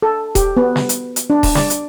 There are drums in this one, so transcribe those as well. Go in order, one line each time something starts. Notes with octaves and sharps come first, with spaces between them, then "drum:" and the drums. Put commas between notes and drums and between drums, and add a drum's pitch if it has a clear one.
A4
G4, drum: kick D#1, hi-hat
B3
drum: snare
drum: hi-hat
drum: hi-hat
D4
drum: kick D#1, open hi-hat
D5, drum: snare
drum: hi-hat